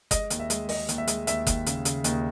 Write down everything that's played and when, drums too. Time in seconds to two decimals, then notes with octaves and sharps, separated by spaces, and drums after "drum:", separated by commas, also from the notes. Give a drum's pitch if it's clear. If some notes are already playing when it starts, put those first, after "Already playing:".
0.11 G#3 D#5, drum: kick F#1, hi-hat
0.30 D#2, drum: hi-hat
0.40 E5
0.50 G#3, drum: hi-hat
0.69 G#3 D#5, drum: open hi-hat
0.89 D#2, drum: hi-hat
0.98 E5
1.07 G#3, drum: hi-hat
1.27 D#2 E5, drum: hi-hat
1.47 D#2, drum: kick F#1, hi-hat
1.66 C#3, drum: hi-hat
1.85 C#3, drum: hi-hat
2.04 D#2, drum: hi-hat